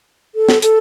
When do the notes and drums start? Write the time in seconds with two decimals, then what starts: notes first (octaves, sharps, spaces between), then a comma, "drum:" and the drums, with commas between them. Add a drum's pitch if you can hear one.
0.35 A4
0.49 drum: snare
0.62 A4, drum: hi-hat